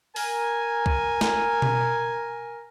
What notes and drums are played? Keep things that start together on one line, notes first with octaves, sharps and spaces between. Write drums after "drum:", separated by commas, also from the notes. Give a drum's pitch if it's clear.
A#4 G#5, drum: open hi-hat
drum: kick C2
drum: snare
drum: tom B2